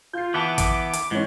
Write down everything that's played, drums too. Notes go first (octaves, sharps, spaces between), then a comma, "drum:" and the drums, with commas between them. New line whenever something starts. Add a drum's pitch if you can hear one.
F4 G6 C7
E3 B3 A5 D6 F#6
drum: kick, hi-hat
drum: hi-hat
G#2 E3 C#4